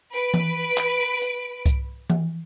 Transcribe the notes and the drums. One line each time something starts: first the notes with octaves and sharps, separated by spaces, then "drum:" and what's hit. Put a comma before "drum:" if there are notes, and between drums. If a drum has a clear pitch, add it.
B4 D7
drum: tom E3
drum: clap
drum: hi-hat
drum: kick C2, hi-hat
drum: tom E3